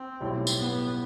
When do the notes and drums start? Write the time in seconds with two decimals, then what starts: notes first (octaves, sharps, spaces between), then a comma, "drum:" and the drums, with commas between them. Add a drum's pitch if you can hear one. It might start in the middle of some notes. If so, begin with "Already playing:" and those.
Already playing: C4
0.20 B1 A2 G3
0.47 drum: tambourine
0.59 B3